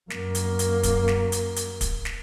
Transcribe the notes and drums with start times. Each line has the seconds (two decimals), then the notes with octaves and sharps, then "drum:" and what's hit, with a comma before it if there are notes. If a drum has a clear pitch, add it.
0.10 F#2 A#3, drum: snare
0.35 drum: hi-hat
0.59 drum: hi-hat
0.83 drum: kick, hi-hat
1.08 drum: snare
1.32 drum: hi-hat
1.56 drum: hi-hat
1.81 drum: kick, hi-hat
2.05 drum: snare